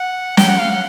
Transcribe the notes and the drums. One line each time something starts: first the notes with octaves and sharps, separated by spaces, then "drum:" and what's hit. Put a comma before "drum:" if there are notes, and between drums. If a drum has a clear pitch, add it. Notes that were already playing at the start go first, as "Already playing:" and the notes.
Already playing: F#5
G5, drum: snare
F#5
F5
F#5